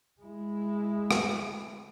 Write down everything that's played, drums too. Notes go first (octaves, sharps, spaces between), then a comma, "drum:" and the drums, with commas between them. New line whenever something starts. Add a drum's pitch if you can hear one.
G#3 E4
drum: rim click